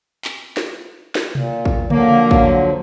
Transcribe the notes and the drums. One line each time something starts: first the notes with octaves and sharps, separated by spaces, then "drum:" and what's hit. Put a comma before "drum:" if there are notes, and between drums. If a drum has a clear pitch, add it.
drum: clap
drum: snare
drum: snare
A#2, drum: tom B2
drum: kick
D3 F3 F#3 A#3, drum: tom C#3
drum: kick